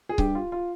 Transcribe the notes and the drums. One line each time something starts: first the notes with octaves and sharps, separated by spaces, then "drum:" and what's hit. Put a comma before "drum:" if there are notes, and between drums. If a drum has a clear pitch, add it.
G#4
G2 G4, drum: kick C#1
F4
F4